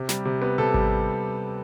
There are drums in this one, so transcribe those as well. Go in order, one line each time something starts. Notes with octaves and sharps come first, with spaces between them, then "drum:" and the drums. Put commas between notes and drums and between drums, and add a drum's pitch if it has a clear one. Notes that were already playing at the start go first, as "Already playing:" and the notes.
Already playing: C3
G3, drum: snare
C3
B3
C3 A4
G3, drum: kick G#1